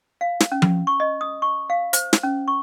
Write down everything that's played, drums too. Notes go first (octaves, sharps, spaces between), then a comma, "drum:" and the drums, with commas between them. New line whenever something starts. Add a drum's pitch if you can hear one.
F5
drum: snare
C#4
drum: tom F3
C#6
D#5
D#6
C#6
F5
C5, drum: hi-hat
drum: snare
C#4
C#6